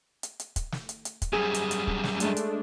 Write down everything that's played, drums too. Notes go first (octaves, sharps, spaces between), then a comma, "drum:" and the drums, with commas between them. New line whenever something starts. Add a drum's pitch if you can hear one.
drum: hi-hat
drum: hi-hat
drum: kick, hi-hat
drum: snare
drum: hi-hat
drum: hi-hat
drum: kick, hi-hat
F#2 G3 G#4
drum: hi-hat
drum: hi-hat
drum: kick
drum: snare
G#3 A3 D4, drum: hi-hat
drum: hi-hat